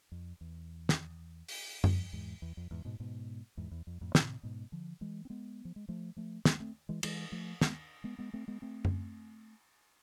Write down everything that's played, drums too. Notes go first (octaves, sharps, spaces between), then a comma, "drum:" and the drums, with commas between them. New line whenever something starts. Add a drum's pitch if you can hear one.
F2
E2
drum: snare
drum: open hi-hat
F2, drum: tom F#2
E2 G#2
E2
F2
E2 G#2
G#2 B2
G#2 B2
E2 G#2
E2
F2
F2 A2
A2 C3, drum: snare
G#2 B2
D3 F3
E3 G#3
C4
G#3 B3
F3
G#3
F3 A3
F3 A3
G#3 B3, drum: snare
A3 C4
E3 G#3
E3 G#3, drum: cymbal
F3 A3
G#3 B3, drum: snare
G#3 B3
G#3 B3
A3 C4
G#3 B3
A3 C4
drum: tom F#2